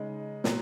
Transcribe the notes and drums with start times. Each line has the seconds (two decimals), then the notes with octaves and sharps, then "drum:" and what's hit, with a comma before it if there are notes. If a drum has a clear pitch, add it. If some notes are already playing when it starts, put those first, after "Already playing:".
Already playing: C#3 G#3 D#4
0.44 A#2 F#3, drum: snare